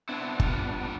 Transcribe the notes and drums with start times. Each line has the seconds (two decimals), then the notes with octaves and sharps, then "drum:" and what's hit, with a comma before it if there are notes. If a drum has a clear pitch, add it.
0.09 B3 C4 D4 E4
0.40 G3 F4, drum: kick G1